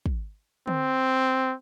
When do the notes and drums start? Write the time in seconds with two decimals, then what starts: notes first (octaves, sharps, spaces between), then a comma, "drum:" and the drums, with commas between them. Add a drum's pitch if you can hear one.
0.06 drum: kick
0.67 C4, drum: tom D3